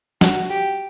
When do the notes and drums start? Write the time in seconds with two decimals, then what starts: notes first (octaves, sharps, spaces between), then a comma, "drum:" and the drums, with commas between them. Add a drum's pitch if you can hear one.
0.21 F#4, drum: snare
0.50 G4, drum: tambourine